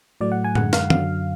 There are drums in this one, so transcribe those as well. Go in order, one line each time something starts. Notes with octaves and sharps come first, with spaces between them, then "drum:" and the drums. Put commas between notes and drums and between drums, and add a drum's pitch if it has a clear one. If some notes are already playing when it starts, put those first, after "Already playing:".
A2 F#3 A3 D5
F#5
G#5
F#2 D3 G#3 F#5, drum: tom A2
F5, drum: snare
F#2 D3 F#3 F5, drum: tom